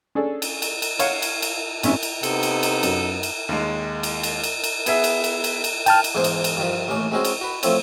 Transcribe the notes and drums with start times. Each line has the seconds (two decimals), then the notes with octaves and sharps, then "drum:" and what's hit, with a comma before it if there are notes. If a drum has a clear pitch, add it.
0.15 C#4 D4 G#4 A4
0.42 drum: cymbal
0.62 drum: cymbal
0.82 drum: cymbal
0.99 C#5 F5 F#5, drum: cymbal
1.22 drum: cymbal
1.42 drum: cymbal
1.83 A1 G#2 C3 C#4 E5, drum: cymbal
2.03 drum: cymbal
2.23 C3 B3 D#4 A4, drum: cymbal
2.43 drum: cymbal
2.63 drum: cymbal
2.83 F#2 F#3 F#5, drum: cymbal
3.23 drum: cymbal
3.49 D#2 G#3
4.03 drum: cymbal
4.23 drum: cymbal
4.43 drum: cymbal
4.64 drum: cymbal
4.86 B3 G#4 E5, drum: cymbal
5.04 drum: cymbal
5.24 drum: cymbal
5.44 drum: cymbal
5.64 drum: cymbal
5.86 G5 A5 F6, drum: cymbal
6.04 drum: cymbal
6.15 E2 G#2 G#4 C5 G#5 D6
6.24 drum: cymbal
6.44 drum: cymbal
6.57 G2 D#3 F3
6.88 A1 D#2 C#4 D6
7.12 G#3 C4 C#4 D#4 F#4 G#4
7.25 drum: cymbal
7.41 F#4 B4
7.63 F3 A3 C4 C#5, drum: cymbal